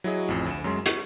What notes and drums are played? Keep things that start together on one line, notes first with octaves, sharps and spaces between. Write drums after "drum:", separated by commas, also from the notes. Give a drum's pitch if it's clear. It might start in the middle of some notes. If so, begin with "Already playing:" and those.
F#3 E4 F#4 G#4 D#5
A1 F2
D2 E7
F#2 F#3 G#3 C6
C#6, drum: hi-hat